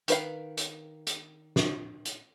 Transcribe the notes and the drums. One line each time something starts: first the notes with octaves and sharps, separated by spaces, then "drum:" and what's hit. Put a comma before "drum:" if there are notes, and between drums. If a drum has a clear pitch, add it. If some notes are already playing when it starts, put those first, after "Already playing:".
D#3 B4 F5, drum: hi-hat
drum: hi-hat
drum: hi-hat
drum: snare
drum: hi-hat